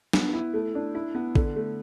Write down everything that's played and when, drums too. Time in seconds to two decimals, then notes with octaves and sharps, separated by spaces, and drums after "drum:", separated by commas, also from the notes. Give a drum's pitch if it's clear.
0.13 B3, drum: snare D4
0.33 E4
0.54 A3
0.75 D4
0.95 E4
1.15 B3
1.35 D3, drum: kick A1
1.56 A3